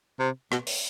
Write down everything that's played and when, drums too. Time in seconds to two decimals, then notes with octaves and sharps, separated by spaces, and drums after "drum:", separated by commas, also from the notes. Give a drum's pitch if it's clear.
0.19 C3
0.52 B2, drum: rim click
0.67 drum: open hi-hat